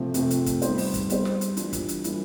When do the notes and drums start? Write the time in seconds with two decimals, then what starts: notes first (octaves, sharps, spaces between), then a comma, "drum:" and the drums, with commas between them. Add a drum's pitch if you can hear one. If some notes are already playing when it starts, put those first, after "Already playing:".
Already playing: C3 F3 A3 C4
0.14 C3 F3 A3 C4, drum: hi-hat
0.31 drum: hi-hat
0.46 drum: kick, hi-hat
0.62 G3 B3 D#4 G4 C5, drum: hi-hat
0.78 drum: open hi-hat
0.94 drum: kick, hi-hat
1.10 G3 B3 D#4 G4 C5, drum: hi-hat
1.25 drum: snare
1.41 drum: hi-hat
1.57 E3 G3 A#3 D4 F4, drum: hi-hat
1.73 drum: kick, hi-hat
1.88 drum: hi-hat
2.04 E3 G3 A#3 D4 F4, drum: hi-hat